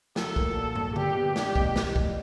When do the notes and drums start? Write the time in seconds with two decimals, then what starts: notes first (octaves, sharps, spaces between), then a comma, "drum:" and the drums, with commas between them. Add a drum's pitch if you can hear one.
0.16 F#3 A4, drum: snare
0.36 A#3, drum: kick B1
0.55 A#2
0.75 A#2, drum: tom
0.96 G3 G4, drum: tom D3
1.16 B3
1.36 D4 G4, drum: snare
1.56 B2, drum: kick B1
1.76 drum: snare
1.96 drum: kick B1